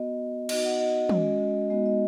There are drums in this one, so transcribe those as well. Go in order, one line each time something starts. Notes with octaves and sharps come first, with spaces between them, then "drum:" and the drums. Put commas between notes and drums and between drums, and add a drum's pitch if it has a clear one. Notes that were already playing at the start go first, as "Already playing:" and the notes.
Already playing: B3 F#4 D#5
B3 D#4 F#4 D#5, drum: cymbal
F#5
D#5
G#3 C#4 F#4, drum: tom
G#3 B3 D#4 F#4 D#5
D#5